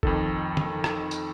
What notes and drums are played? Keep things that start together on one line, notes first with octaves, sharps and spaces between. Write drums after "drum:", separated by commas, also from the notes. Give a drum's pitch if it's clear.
F2 D#3 A4, drum: kick
drum: tom D3
drum: rim click
drum: tambourine